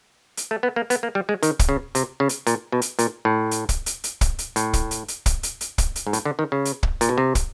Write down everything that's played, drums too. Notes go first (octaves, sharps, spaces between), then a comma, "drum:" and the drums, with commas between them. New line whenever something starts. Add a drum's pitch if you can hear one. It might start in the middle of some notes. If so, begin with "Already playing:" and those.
drum: hi-hat
A3
B3
A#3
B3, drum: hi-hat
A#3
G3
G#3
D#3, drum: hi-hat
drum: kick, hi-hat
C#3
C3, drum: hi-hat
C#3
drum: hi-hat
A#2, drum: hi-hat
B2
drum: hi-hat
A#2, drum: hi-hat
A2
drum: hi-hat
drum: kick, hi-hat
drum: hi-hat
drum: hi-hat
drum: kick, hi-hat
drum: hi-hat
A2, drum: hi-hat
drum: kick, hi-hat
drum: hi-hat
drum: hi-hat
drum: kick, hi-hat
drum: hi-hat
drum: hi-hat
drum: kick, hi-hat
drum: hi-hat
G#2
A2, drum: hi-hat
D3
D#3
C#3
drum: hi-hat
drum: kick
A#2, drum: hi-hat
B2
C3
drum: kick, hi-hat